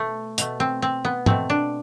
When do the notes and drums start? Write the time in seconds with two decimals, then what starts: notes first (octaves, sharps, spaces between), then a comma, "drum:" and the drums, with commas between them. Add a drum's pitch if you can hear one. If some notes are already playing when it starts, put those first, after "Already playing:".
Already playing: B2 A3
0.38 B2 A3, drum: hi-hat
0.60 C4
0.82 C4
1.05 B3
1.26 B2 A3 C4, drum: tom
1.50 D4